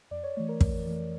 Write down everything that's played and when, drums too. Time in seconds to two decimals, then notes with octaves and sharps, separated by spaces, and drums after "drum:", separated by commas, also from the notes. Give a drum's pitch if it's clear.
0.11 F2 D5
0.23 C#5
0.36 E3 A3 C#5
0.49 A#4
0.61 F2 A#4, drum: kick
0.86 E3 A3